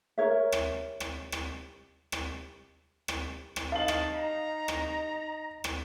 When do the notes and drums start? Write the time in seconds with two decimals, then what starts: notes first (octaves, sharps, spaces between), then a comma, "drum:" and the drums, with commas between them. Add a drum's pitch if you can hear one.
0.18 A#4 C#5 E5
0.52 drum: rim click
1.00 drum: rim click
1.32 drum: rim click
2.12 drum: rim click
3.08 drum: rim click
3.56 drum: rim click
3.72 D#4 F5 A5 F#7
3.88 drum: rim click
4.15 D#4 A#5
4.68 drum: rim click
5.64 drum: rim click